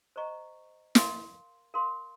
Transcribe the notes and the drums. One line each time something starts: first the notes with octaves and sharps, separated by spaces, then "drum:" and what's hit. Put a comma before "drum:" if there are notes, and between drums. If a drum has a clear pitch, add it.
C5 D#5 A#5 C#6
A#4 F5 C6, drum: snare
A#4 F5 C6